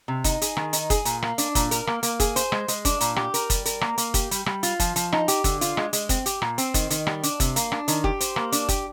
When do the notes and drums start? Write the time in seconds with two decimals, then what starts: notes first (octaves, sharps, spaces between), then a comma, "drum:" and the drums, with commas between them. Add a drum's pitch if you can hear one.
0.08 C3
0.24 D#4, drum: kick F#1, hi-hat
0.42 G#4, drum: hi-hat
0.57 D#3, drum: rim click
0.73 D#4, drum: hi-hat
0.90 G#4, drum: kick F#1, hi-hat
1.05 A#2, drum: hi-hat
1.22 A#3, drum: rim click
1.38 D4, drum: hi-hat
1.55 A#2, drum: kick F#1, hi-hat
1.71 A#4, drum: hi-hat
1.87 A#3, drum: rim click
2.03 A#3, drum: hi-hat
2.20 G#4, drum: kick F#1, hi-hat
2.36 C5, drum: hi-hat
2.52 G#3, drum: rim click
2.68 G#3, drum: hi-hat
2.85 D4, drum: kick F#1, hi-hat
3.01 A#2, drum: hi-hat
3.16 G4, drum: rim click
3.34 A#4, drum: hi-hat
3.50 G3, drum: kick F#1, hi-hat
3.65 A#4, drum: hi-hat
3.81 A#3, drum: rim click
3.98 A#3, drum: hi-hat
4.14 G4, drum: kick F#1, hi-hat
4.31 G3, drum: hi-hat
4.46 G3, drum: rim click
4.63 F4, drum: hi-hat
4.80 F3, drum: kick F#1, hi-hat
4.96 F3, drum: hi-hat
5.12 D#4, drum: rim click
5.28 G4, drum: hi-hat
5.44 D3, drum: kick F#1, hi-hat
5.61 F4, drum: hi-hat
5.77 G#3, drum: rim click
5.93 G#3, drum: hi-hat
6.09 C4, drum: kick F#1, hi-hat
6.26 G4, drum: hi-hat
6.42 A#2, drum: rim click
6.58 C4, drum: hi-hat
6.74 D#3, drum: kick F#1, hi-hat
6.90 D#3, drum: hi-hat
7.07 G3, drum: rim click
7.23 D4, drum: hi-hat
7.40 C3, drum: kick F#1, hi-hat
7.56 A#3, drum: hi-hat
7.72 D4, drum: rim click
7.88 D#3, drum: hi-hat
8.04 G4, drum: kick F#1
8.21 C5, drum: hi-hat
8.36 A#3, drum: rim click
8.52 D4, drum: hi-hat
8.69 G4, drum: kick F#1, hi-hat